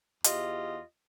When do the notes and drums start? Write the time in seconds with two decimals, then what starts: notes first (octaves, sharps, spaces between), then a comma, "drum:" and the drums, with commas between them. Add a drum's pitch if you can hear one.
0.24 E2 F4 G4 D#5, drum: hi-hat